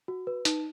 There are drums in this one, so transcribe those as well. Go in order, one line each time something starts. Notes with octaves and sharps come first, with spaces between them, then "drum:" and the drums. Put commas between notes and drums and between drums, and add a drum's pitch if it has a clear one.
F#4
B4
D#4, drum: hi-hat